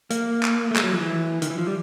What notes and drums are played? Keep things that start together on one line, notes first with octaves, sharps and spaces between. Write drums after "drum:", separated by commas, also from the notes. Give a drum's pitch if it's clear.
A#3, drum: hi-hat
drum: clap
A3
G#3, drum: clap
F#3
F3
E3
D#3, drum: hi-hat
E3
F3
G3